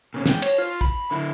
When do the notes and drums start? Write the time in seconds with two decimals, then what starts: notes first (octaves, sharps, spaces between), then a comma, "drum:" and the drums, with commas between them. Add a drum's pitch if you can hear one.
0.14 A#2 C#3
0.26 G#3 G5, drum: snare
0.42 C#5, drum: cymbal
0.58 F4
0.81 B5, drum: kick
1.11 D3 E4